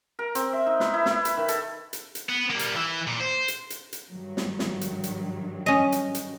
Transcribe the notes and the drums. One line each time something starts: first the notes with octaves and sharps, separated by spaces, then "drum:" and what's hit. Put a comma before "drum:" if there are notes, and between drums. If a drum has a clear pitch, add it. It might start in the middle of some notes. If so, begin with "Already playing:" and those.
A#4
C4, drum: hi-hat
E5
D#4
B4, drum: snare
E4
E4, drum: snare
B5, drum: hi-hat
D#3
A4, drum: hi-hat
drum: hi-hat
drum: hi-hat
B3
G3 A#3
drum: hi-hat
E3
A#2
C5
drum: hi-hat
drum: hi-hat
drum: hi-hat
G2 D#3 F#3
drum: snare
drum: snare
drum: hi-hat
drum: hi-hat
C#4 D#5
drum: hi-hat
drum: hi-hat